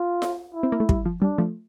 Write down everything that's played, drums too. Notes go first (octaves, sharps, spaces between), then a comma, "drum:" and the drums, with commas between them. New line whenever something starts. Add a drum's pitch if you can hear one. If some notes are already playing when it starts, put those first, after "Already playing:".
Already playing: F4
drum: snare F4
E4
C4
A#3
A3
G3, drum: kick
F3
G3 D4
F3 A3